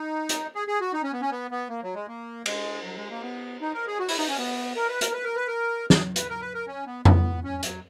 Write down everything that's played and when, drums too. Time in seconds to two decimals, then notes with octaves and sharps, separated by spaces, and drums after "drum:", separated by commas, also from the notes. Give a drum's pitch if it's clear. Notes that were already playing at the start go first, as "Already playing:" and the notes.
Already playing: D#4
0.29 drum: hi-hat
0.55 G#4
0.68 G#4
0.81 F#4
0.93 D#4
1.03 C#4
1.12 B3
1.22 C#4
1.31 B3
1.51 B3
1.69 A#3
1.83 F#3
1.95 G#3
2.08 A#3
2.46 G#3, drum: cymbal
2.84 F#3
2.97 G#3
3.11 A#3
3.23 B3
3.61 D#4
3.74 A#4
3.87 G#4
3.99 F#4
4.09 E4, drum: open hi-hat
4.18 D#4
4.28 C#4
4.38 B3
4.76 A#4
4.88 B4
5.01 A#4, drum: hi-hat
5.13 B4
5.24 A#4
5.36 B4
5.47 A#4
5.90 G#4, drum: snare
6.16 B4, drum: hi-hat
6.29 A#4
6.41 B4
6.54 A#4
6.67 C#4
6.87 B3
7.05 B3, drum: tom F2
7.44 C#4
7.63 F#3, drum: hi-hat